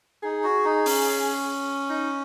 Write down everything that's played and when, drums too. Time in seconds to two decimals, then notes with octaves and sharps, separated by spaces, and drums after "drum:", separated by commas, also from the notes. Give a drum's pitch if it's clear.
0.23 D#4 G#4
0.44 F#4
0.65 D#4
0.86 C#4, drum: open hi-hat
1.90 D#4